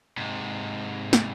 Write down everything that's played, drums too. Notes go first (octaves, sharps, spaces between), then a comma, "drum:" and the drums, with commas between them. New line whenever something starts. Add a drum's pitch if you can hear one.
G#2 C3
drum: snare